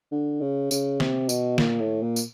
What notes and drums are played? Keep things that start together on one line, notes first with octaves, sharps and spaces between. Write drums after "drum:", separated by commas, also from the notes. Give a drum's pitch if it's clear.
D3
C#3
C#3, drum: tambourine
C3, drum: snare
B2, drum: tambourine
A#2, drum: snare
A2
A#2
drum: tambourine